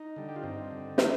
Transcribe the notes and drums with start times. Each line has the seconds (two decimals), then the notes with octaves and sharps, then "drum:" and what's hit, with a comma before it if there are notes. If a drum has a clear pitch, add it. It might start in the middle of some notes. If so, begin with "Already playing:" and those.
Already playing: D#4
0.16 D3 G3
0.29 G4
0.36 F4
0.43 G2 C4 D#4
0.71 D3 G3
0.98 drum: snare